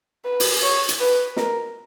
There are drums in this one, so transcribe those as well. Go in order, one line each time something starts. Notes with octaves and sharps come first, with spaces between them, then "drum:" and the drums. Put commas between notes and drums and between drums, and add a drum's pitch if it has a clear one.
B4
drum: open hi-hat
C#5
drum: hi-hat
B4
A#4, drum: snare